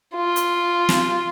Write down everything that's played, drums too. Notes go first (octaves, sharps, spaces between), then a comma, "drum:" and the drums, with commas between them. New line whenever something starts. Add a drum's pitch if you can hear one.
F4
drum: hi-hat
drum: snare